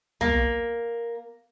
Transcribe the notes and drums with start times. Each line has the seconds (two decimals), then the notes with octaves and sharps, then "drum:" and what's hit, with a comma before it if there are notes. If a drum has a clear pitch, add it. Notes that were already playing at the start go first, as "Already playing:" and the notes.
0.21 A#3, drum: tom